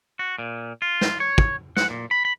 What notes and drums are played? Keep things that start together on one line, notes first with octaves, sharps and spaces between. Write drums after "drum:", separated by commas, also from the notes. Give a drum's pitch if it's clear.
F#4
A#2
F4
drum: snare
C#5
drum: kick
F#5, drum: snare
A#2
B5
B5